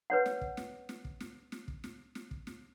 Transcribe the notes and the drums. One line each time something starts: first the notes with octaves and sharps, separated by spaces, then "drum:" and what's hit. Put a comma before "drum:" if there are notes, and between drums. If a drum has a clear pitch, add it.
B4 C#5 F#5
drum: snare
drum: kick
drum: snare
drum: snare
drum: kick
drum: snare
drum: snare
drum: kick
drum: snare
drum: snare
drum: kick
drum: snare